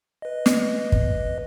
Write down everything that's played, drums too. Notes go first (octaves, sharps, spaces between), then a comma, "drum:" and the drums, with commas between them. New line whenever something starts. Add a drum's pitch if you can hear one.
B4 D#5
drum: snare
drum: kick